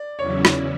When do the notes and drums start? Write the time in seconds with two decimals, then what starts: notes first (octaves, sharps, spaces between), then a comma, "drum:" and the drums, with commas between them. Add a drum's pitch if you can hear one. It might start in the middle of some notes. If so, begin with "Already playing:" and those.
Already playing: D5
0.18 E2 C#3 F#3 C#4 E4 C#5
0.45 drum: rim click